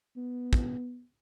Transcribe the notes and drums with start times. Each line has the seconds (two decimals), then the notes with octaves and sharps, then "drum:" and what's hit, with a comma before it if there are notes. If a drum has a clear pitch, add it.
0.16 B3
0.53 drum: kick